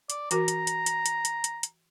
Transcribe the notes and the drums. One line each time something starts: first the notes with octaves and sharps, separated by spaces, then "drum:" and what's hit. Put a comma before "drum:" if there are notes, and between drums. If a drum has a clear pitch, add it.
D5, drum: hi-hat
E3 F#4 A#4 A#5, drum: hi-hat
drum: hi-hat
drum: hi-hat
drum: hi-hat
drum: hi-hat
drum: hi-hat
drum: hi-hat
drum: hi-hat